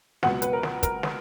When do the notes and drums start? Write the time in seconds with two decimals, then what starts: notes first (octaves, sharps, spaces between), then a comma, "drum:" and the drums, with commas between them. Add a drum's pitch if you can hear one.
0.23 C#2 B2 F#3 F#5, drum: snare
0.42 B4, drum: hi-hat
0.53 A#4
0.63 drum: snare
0.83 A#4, drum: kick, hi-hat
1.03 drum: snare